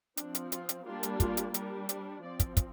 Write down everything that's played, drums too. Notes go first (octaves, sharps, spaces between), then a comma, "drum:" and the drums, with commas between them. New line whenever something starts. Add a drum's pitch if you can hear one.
F3 C4 D4, drum: hi-hat
drum: hi-hat
F4, drum: hi-hat
drum: hi-hat
G3 A#3 D4 F4
drum: hi-hat
F4, drum: kick, hi-hat
drum: hi-hat
G3 D4 A#4, drum: hi-hat
C5, drum: hi-hat
F3 C4 D5
drum: kick, hi-hat
drum: kick, hi-hat